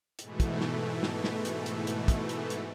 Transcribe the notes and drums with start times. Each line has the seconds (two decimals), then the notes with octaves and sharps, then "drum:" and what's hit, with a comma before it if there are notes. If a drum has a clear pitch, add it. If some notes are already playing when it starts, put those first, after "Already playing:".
0.19 G#2 B2 E3 A3, drum: hi-hat
0.40 drum: kick, hi-hat
0.61 drum: snare
1.03 drum: snare
1.24 drum: snare
1.45 drum: hi-hat
1.66 drum: hi-hat
1.87 drum: hi-hat
2.08 drum: kick, hi-hat
2.29 drum: hi-hat
2.50 drum: hi-hat